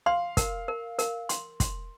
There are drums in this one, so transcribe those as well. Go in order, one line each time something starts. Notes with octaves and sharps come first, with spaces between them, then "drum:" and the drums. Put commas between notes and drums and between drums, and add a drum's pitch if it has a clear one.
F5 C6
A#4, drum: kick, hi-hat
A#4
A#4, drum: hi-hat
C6, drum: hi-hat
C6, drum: kick, hi-hat